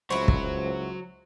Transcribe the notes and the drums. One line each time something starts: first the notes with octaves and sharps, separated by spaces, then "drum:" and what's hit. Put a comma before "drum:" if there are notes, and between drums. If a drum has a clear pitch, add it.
C#2 F#3 E4 F#4 C5
drum: kick